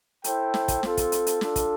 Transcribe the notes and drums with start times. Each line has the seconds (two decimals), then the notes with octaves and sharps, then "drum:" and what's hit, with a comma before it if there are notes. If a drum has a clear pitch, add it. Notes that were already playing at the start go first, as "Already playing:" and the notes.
0.24 E4 A4 C5 G5, drum: hi-hat
0.54 drum: snare
0.68 drum: kick, hi-hat
0.83 C4 F4 A4, drum: snare
0.97 drum: kick, hi-hat
1.12 drum: hi-hat
1.27 drum: hi-hat
1.41 D4 F4 A4, drum: snare
1.56 drum: kick, hi-hat